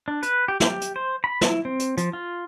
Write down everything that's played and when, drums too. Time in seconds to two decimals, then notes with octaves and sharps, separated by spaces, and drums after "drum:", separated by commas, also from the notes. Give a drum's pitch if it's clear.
0.08 D4
0.23 B4, drum: hi-hat
0.48 G4
0.60 G4, drum: snare
0.81 drum: hi-hat
0.96 C5
1.24 B5
1.41 E4, drum: snare
1.65 C4
1.79 drum: hi-hat
1.97 F3, drum: hi-hat
2.13 F4